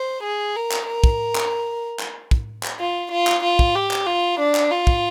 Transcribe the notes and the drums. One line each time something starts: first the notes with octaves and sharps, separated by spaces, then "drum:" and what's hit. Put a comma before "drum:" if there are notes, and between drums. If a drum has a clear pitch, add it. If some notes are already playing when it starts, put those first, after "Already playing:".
Already playing: C5
G#4
A#4
drum: clap
A#4
drum: kick
drum: clap
drum: clap
drum: kick
drum: clap
F4
F4
drum: clap
F4
drum: kick
G4
drum: clap
F4
D4
drum: clap
F4
drum: kick